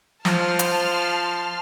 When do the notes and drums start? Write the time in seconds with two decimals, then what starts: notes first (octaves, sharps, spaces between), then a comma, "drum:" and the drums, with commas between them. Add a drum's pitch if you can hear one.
0.25 F3 A5 C6 F6, drum: snare
0.59 drum: hi-hat